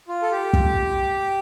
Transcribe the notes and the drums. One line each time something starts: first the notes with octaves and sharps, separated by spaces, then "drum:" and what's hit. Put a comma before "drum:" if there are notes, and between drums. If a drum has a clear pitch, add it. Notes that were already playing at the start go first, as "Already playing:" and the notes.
F4
A4
G4
drum: kick